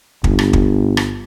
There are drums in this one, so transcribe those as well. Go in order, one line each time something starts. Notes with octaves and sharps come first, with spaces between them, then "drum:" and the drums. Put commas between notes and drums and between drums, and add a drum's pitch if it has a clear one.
G1, drum: kick
drum: rim click
drum: kick
drum: rim click